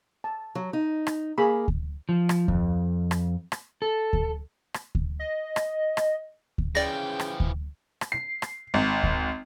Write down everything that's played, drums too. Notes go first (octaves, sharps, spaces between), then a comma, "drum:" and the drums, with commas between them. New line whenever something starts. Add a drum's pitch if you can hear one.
A5
F#3
D#4
drum: rim click
A#3 G#4 B5
drum: kick D2
F3
drum: rim click
F2, drum: kick D2
drum: rim click
drum: rim click
A4
drum: kick D2
drum: rim click
drum: kick D2
D#5
drum: rim click
drum: rim click
drum: kick D2
C#3 E3 F3 D5 G5 A#6
drum: rim click
drum: kick D2
drum: rim click
C7
drum: rim click
G#1
drum: kick D2